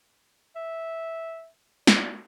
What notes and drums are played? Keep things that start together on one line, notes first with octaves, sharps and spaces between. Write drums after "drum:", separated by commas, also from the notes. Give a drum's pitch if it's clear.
E5
D5, drum: snare